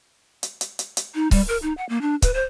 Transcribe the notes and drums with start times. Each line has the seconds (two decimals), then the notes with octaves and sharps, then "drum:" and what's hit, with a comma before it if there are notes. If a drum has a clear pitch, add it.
0.43 drum: hi-hat
0.61 drum: hi-hat
0.79 drum: hi-hat
0.97 drum: hi-hat
1.15 D#4
1.31 G3, drum: kick C#1, open hi-hat
1.48 A#4
1.62 D#4
1.78 F#5
1.89 A#3
2.02 D4
2.22 B4, drum: kick C#1, hi-hat
2.34 C5